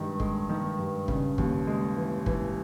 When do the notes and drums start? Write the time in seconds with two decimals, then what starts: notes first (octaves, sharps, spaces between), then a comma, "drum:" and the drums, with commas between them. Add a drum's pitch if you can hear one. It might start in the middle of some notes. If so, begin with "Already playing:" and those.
Already playing: G2 D#3 G#3
0.20 G#3, drum: kick
0.49 D#3
0.79 G2
1.08 C#3, drum: kick
1.38 D#2, drum: kick
1.67 G#3
1.97 E3
2.26 E3, drum: kick